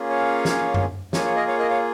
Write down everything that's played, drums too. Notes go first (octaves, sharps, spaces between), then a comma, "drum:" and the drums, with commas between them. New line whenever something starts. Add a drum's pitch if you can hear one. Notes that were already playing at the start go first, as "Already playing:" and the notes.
Already playing: A#3 C#4 F4 G#4
C#5 F5
drum: snare
drum: tom F#2
A#3 F4 G#4 C#5, drum: snare
C#5
A#4 D#5
C#5 F5
A#4 D#5
C#5 F5